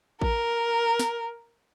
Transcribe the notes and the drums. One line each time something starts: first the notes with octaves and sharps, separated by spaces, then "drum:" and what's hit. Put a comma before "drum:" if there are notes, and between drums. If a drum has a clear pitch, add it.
A#4, drum: kick A1
drum: snare